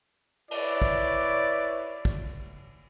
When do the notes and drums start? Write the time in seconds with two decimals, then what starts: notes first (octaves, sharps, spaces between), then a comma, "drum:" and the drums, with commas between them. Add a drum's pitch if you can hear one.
0.51 E4 B4 C#5 D5, drum: cymbal
0.82 drum: kick
2.05 drum: kick